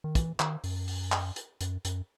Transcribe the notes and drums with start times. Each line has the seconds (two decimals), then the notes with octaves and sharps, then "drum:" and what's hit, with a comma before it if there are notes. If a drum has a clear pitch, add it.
0.04 D#3
0.15 E3, drum: kick, hi-hat
0.40 D#3, drum: clap
0.64 F#2, drum: open hi-hat
0.88 drum: open hi-hat
1.12 drum: clap
1.36 drum: hi-hat
1.61 F#2, drum: hi-hat
1.85 F#2, drum: hi-hat